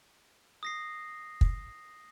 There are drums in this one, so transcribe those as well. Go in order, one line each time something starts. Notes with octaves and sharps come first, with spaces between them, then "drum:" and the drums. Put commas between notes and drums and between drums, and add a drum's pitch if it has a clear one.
D#6 A#6 C7
drum: kick